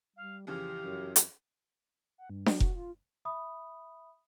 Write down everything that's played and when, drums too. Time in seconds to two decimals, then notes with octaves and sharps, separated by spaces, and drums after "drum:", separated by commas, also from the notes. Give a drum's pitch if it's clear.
0.16 G3 F5
0.47 F2 C#3 E3 G4 F5
0.84 F#2
1.16 drum: hi-hat
2.18 F#5
2.30 G2
2.46 F#3, drum: snare D4
2.60 F#4, drum: kick F1
2.76 F4
3.25 E5 B5 D#6